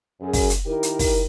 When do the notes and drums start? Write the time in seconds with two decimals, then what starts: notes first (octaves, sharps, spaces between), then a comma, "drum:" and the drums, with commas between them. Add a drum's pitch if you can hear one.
0.21 F#2 G#4
0.33 drum: kick, open hi-hat
0.50 drum: hi-hat
0.66 D#3 E4 G4 A#4
0.83 drum: hi-hat
0.99 drum: kick, open hi-hat